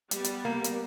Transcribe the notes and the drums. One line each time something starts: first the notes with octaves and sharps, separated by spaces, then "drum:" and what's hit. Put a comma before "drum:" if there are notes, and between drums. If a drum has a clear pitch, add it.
G3 B3, drum: hi-hat
drum: hi-hat
A#3
drum: hi-hat